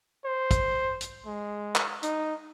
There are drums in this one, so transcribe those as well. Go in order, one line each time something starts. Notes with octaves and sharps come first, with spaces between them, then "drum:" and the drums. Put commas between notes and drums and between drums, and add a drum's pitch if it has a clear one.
C5
drum: kick, hi-hat
drum: hi-hat
G#3
drum: clap
D#4, drum: hi-hat